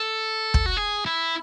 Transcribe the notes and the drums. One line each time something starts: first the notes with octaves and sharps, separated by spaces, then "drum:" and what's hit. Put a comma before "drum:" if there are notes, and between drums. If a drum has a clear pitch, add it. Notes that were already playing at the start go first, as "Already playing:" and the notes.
Already playing: A4
drum: kick
F#4
G#4
E4